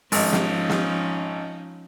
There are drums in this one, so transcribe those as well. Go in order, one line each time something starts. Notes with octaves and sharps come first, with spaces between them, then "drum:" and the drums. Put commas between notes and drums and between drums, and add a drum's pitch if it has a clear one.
G#1 F3 C#4 D#4, drum: open hi-hat
drum: snare
drum: snare